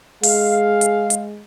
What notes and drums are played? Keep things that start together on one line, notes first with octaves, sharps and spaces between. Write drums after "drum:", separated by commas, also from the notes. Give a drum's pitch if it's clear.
G#3 G#4 F5, drum: open hi-hat
drum: hi-hat
drum: hi-hat